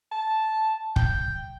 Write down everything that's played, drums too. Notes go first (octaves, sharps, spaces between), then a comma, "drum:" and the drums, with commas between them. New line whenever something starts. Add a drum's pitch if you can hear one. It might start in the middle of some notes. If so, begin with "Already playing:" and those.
A5
G5, drum: kick